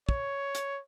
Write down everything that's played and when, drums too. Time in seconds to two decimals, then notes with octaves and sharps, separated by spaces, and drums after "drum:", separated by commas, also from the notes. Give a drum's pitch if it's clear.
0.09 C#5, drum: kick
0.55 drum: hi-hat